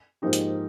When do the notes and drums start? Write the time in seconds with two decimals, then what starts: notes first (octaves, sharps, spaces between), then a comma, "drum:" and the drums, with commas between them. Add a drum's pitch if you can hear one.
0.22 G#2 F3 A#3 D#4 G4
0.33 drum: hi-hat